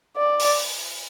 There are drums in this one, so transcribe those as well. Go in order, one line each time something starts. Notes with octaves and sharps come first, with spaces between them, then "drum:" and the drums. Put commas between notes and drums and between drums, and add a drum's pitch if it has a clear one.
D5
drum: open hi-hat